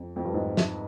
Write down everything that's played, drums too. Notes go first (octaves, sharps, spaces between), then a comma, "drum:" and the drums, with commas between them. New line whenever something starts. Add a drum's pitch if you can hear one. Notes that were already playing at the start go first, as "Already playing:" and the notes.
Already playing: F2
F2
G2
G#2
drum: snare